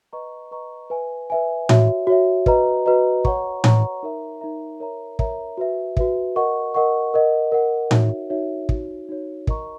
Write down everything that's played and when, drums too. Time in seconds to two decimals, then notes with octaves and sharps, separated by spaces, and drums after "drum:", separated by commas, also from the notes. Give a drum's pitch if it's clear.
0.13 B4 D#5 A#5 C#6
0.51 B4 D#5 A#5 C#6
0.90 B4 E5 G#5
1.30 B4 E5 G#5
1.69 F#4 C#5 E5, drum: tom A2
2.07 F#4 C#5 E5
2.46 F#4 B4 D#5 A#5, drum: kick
2.86 F#4 B4 D#5 A#5
3.25 C#5 F#5 A#5 C#6, drum: kick
3.64 C#5 F#5 A#5 C#6, drum: tom A2
4.03 D#4 A#4 E5 A#5
4.41 D#4 A#4 E5 A#5
4.80 A#4 C#5 E5 A#5
5.19 A#4 C#5 E5 A#5, drum: kick
5.57 F#4 B4 E5
5.97 F#4 B4 E5, drum: kick
6.36 A#4 D#5 F#5 C#6
6.74 A#4 D#5 F#5 C#6
7.14 A#4 D#5 F#5
7.52 A#4 D#5 F#5
7.91 D#4 F#4 C#5 E5, drum: tom A2
8.30 D#4 F#4 C#5 E5
8.69 D#4 F#4 C#5, drum: kick
9.09 D#4 F#4 C#5
9.47 A#4 D#5 A#5 C#6, drum: kick